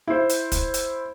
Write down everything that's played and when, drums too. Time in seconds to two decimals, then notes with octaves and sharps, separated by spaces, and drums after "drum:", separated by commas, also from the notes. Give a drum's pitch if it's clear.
0.07 E4 C5
0.30 drum: hi-hat
0.52 drum: kick, hi-hat
0.74 drum: hi-hat